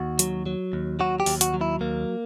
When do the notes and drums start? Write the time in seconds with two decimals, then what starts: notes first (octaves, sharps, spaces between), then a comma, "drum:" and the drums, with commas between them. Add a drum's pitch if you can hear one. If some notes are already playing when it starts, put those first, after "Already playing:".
Already playing: D#2 F#4
0.19 F#3, drum: hi-hat
0.46 F#3
0.73 D#2
1.00 F#3 F#4
1.20 G4
1.26 D#2, drum: open hi-hat
1.41 F#4, drum: hi-hat
1.54 F#3
1.61 E4
1.81 D#2 A#3